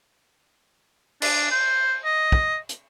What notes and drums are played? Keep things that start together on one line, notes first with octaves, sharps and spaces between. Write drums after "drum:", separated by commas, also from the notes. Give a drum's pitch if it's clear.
D4, drum: cymbal
C5
D#5
drum: kick
drum: hi-hat